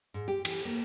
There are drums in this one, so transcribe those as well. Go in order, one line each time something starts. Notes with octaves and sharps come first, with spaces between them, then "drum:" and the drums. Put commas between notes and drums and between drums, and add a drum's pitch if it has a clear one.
G#2
G4
E3, drum: cymbal
A#3